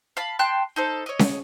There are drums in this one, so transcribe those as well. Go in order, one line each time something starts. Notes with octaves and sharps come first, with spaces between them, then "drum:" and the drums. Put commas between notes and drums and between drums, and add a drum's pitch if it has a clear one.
F5 A5 B5
G5 A5 C6 F#6
D#4 A4 C5
C#5 D#5
drum: snare C#4